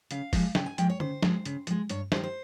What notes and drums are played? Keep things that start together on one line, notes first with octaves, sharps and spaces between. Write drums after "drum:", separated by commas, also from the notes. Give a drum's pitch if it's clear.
C#3 F5, drum: hi-hat
F3 G#3, drum: kick, open hi-hat
C#3 G5, drum: snare
G#5
F3 G#3 G5, drum: hi-hat
C#5
C#3 C5, drum: tom D3
F3 G#3, drum: snare
C#3, drum: hi-hat
F3 G#3, drum: hi-hat
G2 C#5, drum: hi-hat
D#3 G3 C5, drum: snare
C5